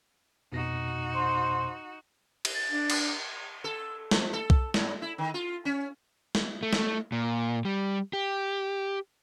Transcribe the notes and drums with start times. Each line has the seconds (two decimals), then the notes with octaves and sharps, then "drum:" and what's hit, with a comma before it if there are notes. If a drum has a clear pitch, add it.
0.52 F2 B2 D#4 F#4 A#6
1.15 C5
2.45 drum: cymbal
2.55 A6
2.70 D4
2.90 drum: cymbal
3.64 A4
4.11 F3, drum: snare
4.33 A4
4.50 drum: kick B1
4.74 G#2, drum: snare
5.02 E4
5.18 D#3
5.34 F4
5.65 C#4
6.35 drum: snare
6.63 A3
6.73 drum: snare
7.12 A#2
7.65 G3
8.13 G4